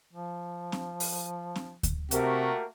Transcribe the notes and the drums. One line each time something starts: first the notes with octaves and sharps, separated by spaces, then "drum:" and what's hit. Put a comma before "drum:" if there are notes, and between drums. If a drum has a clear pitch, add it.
F3
drum: snare C4
drum: open hi-hat
drum: snare C4
drum: kick D2, hi-hat
C3 A3 A#3 F#4 G4 A#4, drum: hi-hat